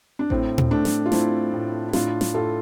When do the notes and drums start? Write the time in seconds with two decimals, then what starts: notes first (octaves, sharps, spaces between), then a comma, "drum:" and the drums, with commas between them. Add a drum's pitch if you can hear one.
0.19 D4
0.30 A2 C4, drum: kick A1
0.58 drum: tom A#2
0.71 A3 D4
0.85 drum: snare
1.06 F4
1.12 A3 C4 E4, drum: snare
1.53 A2
1.88 E4
1.93 A2 D4 F4, drum: snare
2.21 drum: snare
2.34 A2 F4 A4